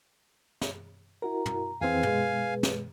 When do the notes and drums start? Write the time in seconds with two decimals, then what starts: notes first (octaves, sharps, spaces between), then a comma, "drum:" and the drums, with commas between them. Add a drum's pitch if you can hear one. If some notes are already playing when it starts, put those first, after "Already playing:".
0.61 drum: snare
1.22 E4 F#4 A#4 A#5
1.46 drum: tom
1.81 F2 E3 C4 G#4 B4 F5 G#5
2.03 B2 G#3, drum: tom
2.63 drum: snare